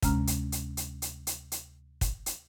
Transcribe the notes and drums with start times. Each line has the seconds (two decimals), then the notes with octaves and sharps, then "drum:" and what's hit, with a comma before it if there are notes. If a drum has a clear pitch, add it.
0.03 D2 C3 G#3 C#4 A#5 F6, drum: kick, hi-hat
0.27 drum: hi-hat
0.52 drum: hi-hat
0.77 drum: hi-hat
1.02 drum: hi-hat
1.27 drum: hi-hat
1.52 drum: hi-hat
2.01 drum: kick, hi-hat
2.26 drum: hi-hat